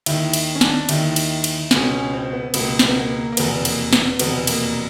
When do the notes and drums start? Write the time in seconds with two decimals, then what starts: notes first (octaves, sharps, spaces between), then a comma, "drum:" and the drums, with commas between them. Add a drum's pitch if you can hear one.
0.06 D#2 D#3 E4, drum: cymbal
0.33 drum: cymbal
0.55 C#4
0.61 D4, drum: snare
0.89 D#2 D#3 E4, drum: cymbal
1.16 drum: cymbal
1.44 drum: cymbal
1.71 C#2 B2 C#4, drum: snare
1.92 C#4
2.13 C4
2.33 B3
2.54 C#2 B2 A#3, drum: cymbal
2.79 C4, drum: snare
2.88 B3
2.96 A#3
3.32 A#3
3.37 F1 E2 B2 B3, drum: cymbal
3.65 A#3, drum: cymbal
3.93 B3, drum: snare
4.19 F1 E2 B2 B3, drum: cymbal
4.47 A#3, drum: cymbal